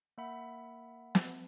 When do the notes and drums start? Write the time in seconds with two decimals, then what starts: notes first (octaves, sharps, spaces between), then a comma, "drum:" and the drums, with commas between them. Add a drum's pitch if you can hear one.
0.18 A#3 E5 F#5 B5
1.15 drum: snare